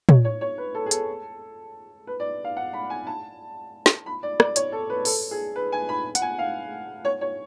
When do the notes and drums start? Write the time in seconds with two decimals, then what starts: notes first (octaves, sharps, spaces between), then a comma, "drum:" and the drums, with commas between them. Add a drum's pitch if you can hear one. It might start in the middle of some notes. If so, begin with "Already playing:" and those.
0.09 C#5, drum: tom
0.25 C#5
0.41 C#5
0.58 B4
0.75 A4
0.86 G#4
0.91 A4, drum: hi-hat
2.07 B4
2.20 D5
2.45 F5
2.57 F#5
2.73 B5
2.90 G#5
3.07 A5
3.86 drum: snare
4.06 B5
4.23 D5
4.40 D5, drum: rim click
4.56 C#5, drum: hi-hat
4.72 A4
4.90 B4
5.05 A4, drum: open hi-hat
5.31 G#4
5.56 B4
5.72 G#5
5.89 B5
6.15 F#5, drum: hi-hat
6.22 G#5
6.39 F5
7.05 C#5
7.21 C#5